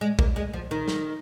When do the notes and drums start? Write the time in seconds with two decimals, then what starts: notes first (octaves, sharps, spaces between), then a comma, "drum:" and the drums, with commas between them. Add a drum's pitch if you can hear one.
0.01 G#3
0.19 A#3, drum: kick
0.36 G#3
0.54 F3
0.71 D#3
0.88 drum: snare